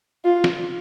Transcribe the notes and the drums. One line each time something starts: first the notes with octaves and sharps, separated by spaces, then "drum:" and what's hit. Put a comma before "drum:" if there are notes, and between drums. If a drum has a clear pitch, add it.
F4
drum: snare